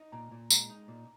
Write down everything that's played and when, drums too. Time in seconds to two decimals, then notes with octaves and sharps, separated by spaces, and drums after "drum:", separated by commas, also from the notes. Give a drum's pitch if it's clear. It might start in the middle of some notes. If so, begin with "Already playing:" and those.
Already playing: D#4
0.12 A#2 A#5
0.31 A#2
0.50 G#3 A#5, drum: tambourine
0.70 D#4
0.88 A#2